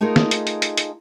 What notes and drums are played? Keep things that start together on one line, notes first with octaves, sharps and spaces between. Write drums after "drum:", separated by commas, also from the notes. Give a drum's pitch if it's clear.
A3 D#4 F4 G#4 A#4
drum: snare
drum: hi-hat
drum: hi-hat
drum: hi-hat
drum: hi-hat